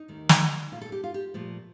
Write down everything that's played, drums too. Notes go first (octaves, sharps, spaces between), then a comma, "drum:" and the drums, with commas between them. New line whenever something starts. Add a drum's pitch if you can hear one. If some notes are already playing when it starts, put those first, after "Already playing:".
Already playing: D#4
D#2 D#3 A3
drum: snare
A#2 A3 F4
A4
G4
F4
G4
A#2 F3 A3